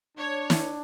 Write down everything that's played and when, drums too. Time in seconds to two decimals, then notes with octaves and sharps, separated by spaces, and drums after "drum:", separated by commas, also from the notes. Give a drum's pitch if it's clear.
0.17 D4 C#5
0.50 drum: snare